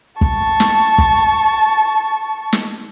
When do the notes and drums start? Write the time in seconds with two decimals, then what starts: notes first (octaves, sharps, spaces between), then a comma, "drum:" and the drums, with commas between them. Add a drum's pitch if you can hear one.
0.21 A5 C#6, drum: kick
0.60 drum: snare
0.98 drum: kick
2.53 drum: snare